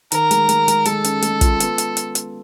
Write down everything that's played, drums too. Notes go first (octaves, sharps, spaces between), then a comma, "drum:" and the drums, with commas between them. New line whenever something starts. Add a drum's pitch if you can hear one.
D#3 A#4, drum: hi-hat
G#3, drum: hi-hat
G#3, drum: hi-hat
G#3, drum: hi-hat
G#3 A4, drum: hi-hat
C#4, drum: hi-hat
G#3, drum: hi-hat
F4, drum: kick, hi-hat
B3, drum: hi-hat
drum: hi-hat
drum: hi-hat
drum: hi-hat